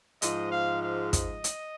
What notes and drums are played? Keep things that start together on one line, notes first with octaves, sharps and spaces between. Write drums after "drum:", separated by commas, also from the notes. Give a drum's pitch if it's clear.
G#2 F3 G#3 D#5, drum: hi-hat
F5
F5
D#5, drum: kick, hi-hat
drum: hi-hat